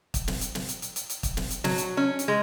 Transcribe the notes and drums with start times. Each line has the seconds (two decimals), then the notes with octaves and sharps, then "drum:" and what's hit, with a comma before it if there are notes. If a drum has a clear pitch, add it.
0.14 drum: kick, hi-hat
0.28 drum: snare
0.41 drum: hi-hat
0.55 drum: snare
0.69 drum: hi-hat
0.82 drum: hi-hat
0.96 drum: hi-hat
1.10 drum: hi-hat
1.23 drum: kick, hi-hat
1.37 drum: snare
1.51 drum: hi-hat
1.64 F#3, drum: snare
1.78 drum: hi-hat
1.97 C#4
2.19 drum: hi-hat
2.28 G#3